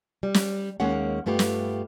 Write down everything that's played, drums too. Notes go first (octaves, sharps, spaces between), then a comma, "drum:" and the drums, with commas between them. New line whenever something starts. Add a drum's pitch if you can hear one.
G3
drum: snare
D#2 G#3 A#3 C#4 F#5
G2 A3 B3 F4 G4
drum: snare